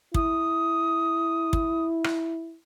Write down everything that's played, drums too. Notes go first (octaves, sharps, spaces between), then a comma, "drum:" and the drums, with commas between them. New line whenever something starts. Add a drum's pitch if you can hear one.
E4 D#6, drum: kick
drum: kick
drum: rim click